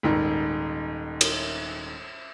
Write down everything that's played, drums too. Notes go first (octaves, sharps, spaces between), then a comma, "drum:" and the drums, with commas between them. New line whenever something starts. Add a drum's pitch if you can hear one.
D#1 G#2 D#3
drum: cymbal